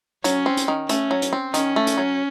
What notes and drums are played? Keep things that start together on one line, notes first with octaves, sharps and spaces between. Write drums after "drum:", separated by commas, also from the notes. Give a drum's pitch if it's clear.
F#3 C#4, drum: hi-hat
C4
drum: hi-hat
D#3
A3 C#4, drum: hi-hat
F#3
drum: hi-hat
C4
D#3 C#4, drum: hi-hat
A3
drum: hi-hat
F#3